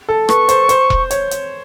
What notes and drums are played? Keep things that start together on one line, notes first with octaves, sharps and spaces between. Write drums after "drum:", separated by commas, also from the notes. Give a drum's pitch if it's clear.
A4
B4 C#6, drum: rim click
C5, drum: hi-hat
C5, drum: hi-hat
drum: kick E1
C#5, drum: hi-hat
drum: hi-hat